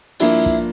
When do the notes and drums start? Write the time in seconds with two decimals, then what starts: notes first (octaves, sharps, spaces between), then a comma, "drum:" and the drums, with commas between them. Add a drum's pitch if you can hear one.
0.20 G2 F3 A#3 E4, drum: open hi-hat
0.46 drum: kick